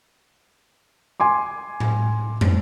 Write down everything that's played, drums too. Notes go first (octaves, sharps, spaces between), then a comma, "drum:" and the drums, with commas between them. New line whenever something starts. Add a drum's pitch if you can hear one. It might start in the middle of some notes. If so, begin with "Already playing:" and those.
G#5 C6 D6
drum: tom A2
drum: tom